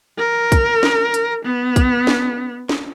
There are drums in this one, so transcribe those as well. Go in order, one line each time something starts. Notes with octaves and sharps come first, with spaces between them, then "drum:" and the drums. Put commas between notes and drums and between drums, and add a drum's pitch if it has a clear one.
A#4
drum: kick, hi-hat
drum: snare
drum: hi-hat
B3
drum: kick, hi-hat
drum: snare
drum: snare